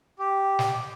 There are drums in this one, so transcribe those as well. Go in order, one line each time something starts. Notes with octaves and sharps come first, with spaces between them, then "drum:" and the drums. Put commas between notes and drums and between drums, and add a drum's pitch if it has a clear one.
G4
drum: snare